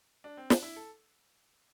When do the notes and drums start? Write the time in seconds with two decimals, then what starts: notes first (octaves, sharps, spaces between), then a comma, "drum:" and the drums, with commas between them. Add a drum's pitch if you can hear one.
0.24 D4
0.37 C4
0.50 D4, drum: snare
0.63 E4
0.76 A4